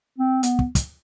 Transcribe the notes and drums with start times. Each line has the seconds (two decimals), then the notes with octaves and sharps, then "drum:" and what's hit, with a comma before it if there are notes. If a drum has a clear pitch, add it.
0.18 C4
0.43 B3, drum: hi-hat
0.59 drum: kick
0.75 drum: kick, hi-hat